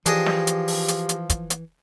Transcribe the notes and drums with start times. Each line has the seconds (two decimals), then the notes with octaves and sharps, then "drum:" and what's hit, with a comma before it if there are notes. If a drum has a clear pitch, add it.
0.06 E3 F3 D4 G4 G#4 D#5, drum: hi-hat
0.26 drum: snare
0.47 drum: hi-hat
0.68 drum: open hi-hat
0.88 drum: hi-hat
1.09 drum: hi-hat
1.30 drum: kick, hi-hat
1.50 drum: hi-hat